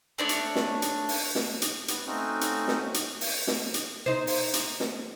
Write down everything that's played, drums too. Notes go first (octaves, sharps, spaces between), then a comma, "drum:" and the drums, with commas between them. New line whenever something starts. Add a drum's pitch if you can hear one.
A3 D4 C#5
drum: hi-hat
drum: snare
drum: hi-hat
drum: open hi-hat
drum: snare
drum: hi-hat
B3, drum: hi-hat
A3 C4 C#4 D#4 F#4
drum: hi-hat
drum: snare
drum: hi-hat
drum: open hi-hat
drum: snare
drum: hi-hat
D#4 C5
drum: open hi-hat
drum: hi-hat
drum: snare